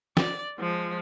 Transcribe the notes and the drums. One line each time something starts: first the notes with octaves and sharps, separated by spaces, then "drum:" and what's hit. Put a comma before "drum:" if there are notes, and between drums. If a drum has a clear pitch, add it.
D5, drum: snare
F3 G#3